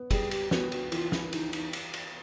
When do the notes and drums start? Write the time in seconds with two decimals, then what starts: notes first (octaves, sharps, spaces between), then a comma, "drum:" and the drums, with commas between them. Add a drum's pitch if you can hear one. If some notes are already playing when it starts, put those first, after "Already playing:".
Already playing: B3
0.11 G3 G#4, drum: kick, cymbal
0.31 G4, drum: cymbal
0.51 B3 F#4, drum: snare
0.72 F#4, drum: cymbal
0.92 E3 F4, drum: cymbal
1.12 E4, drum: snare
1.33 E3 D#4, drum: cymbal
1.53 D#4, drum: cymbal
1.73 drum: cymbal
1.94 drum: cymbal